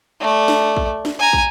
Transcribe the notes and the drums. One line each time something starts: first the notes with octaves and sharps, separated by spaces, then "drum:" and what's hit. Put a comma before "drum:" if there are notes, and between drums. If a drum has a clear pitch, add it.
A3 D5
drum: snare
drum: kick
drum: snare
G#5 A#5
drum: kick